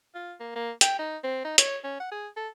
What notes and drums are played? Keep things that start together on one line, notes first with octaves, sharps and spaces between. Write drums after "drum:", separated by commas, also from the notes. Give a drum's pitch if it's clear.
F4
A#3
A#3
G5, drum: hi-hat
D#4
C4
D#4
C#5, drum: hi-hat
C#4
F#5
G#4
A4